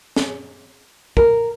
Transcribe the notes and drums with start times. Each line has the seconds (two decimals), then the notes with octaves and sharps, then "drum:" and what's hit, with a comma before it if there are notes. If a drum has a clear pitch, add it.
0.16 drum: snare
1.17 A#4, drum: kick